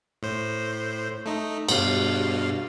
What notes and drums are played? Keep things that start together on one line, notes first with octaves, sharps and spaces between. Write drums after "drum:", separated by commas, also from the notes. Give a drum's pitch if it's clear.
A2 C5
A3 D#4
G2 B2 F5, drum: cymbal